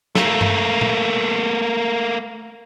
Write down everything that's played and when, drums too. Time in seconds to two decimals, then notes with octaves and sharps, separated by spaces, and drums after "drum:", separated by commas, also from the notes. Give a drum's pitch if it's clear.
0.15 A3 A#3, drum: snare
0.41 drum: tom G2
0.81 drum: tom